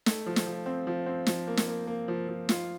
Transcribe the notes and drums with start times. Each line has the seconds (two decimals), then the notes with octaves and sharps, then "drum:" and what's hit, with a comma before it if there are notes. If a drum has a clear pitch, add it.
0.06 A3, drum: snare
0.26 F3
0.36 drum: snare
0.46 F3
0.66 C4
0.87 F3
1.06 C4
1.27 F3, drum: snare
1.47 A#3
1.57 drum: snare
1.67 A#3
1.87 A#3
2.08 F3
2.28 F3
2.49 F4, drum: snare